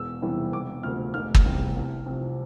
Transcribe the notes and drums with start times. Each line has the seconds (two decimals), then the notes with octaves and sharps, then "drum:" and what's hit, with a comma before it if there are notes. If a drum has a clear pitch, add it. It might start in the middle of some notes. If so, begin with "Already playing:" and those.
Already playing: E1 E6
0.22 E2 C3 E3 G3
0.52 E1 D6
0.83 D2 C3 F3 F6
1.14 F1 F6
1.35 drum: kick
1.45 E2 C3 G3
1.76 C2
2.06 C3 F3